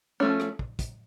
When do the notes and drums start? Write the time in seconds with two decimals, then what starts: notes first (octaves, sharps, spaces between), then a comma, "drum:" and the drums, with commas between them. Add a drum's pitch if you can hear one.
0.20 F3 A3 C#4
0.40 drum: rim click
0.59 drum: kick
0.79 drum: kick, hi-hat